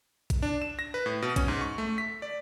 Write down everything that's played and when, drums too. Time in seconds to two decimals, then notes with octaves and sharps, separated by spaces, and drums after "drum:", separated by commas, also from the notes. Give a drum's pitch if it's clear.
0.30 drum: kick, hi-hat
0.42 D4
0.62 E7
0.79 A#6
0.94 B4
1.06 A2
1.22 B2
1.36 C#4, drum: kick, hi-hat
1.48 G#2
1.61 C#6
1.78 A3
1.98 B6
2.22 D5